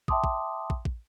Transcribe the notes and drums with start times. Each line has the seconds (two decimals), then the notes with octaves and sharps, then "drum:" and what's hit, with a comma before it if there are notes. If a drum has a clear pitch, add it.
0.08 E5 G5 A5 C6 D6 D#6, drum: kick
0.24 drum: kick
0.70 drum: kick
0.85 drum: kick